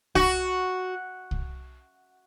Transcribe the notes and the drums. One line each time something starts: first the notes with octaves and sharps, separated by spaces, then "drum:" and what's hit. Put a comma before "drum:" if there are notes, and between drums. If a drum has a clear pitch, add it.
F#4, drum: kick C2
drum: kick C2